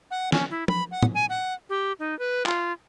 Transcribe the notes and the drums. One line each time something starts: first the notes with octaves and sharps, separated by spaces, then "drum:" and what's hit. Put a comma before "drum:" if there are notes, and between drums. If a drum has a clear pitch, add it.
F#5
C#4, drum: snare
E4
B5, drum: tom F3
F#5
drum: tom
G#5
F#5
G4
D#4
B4
F4, drum: clap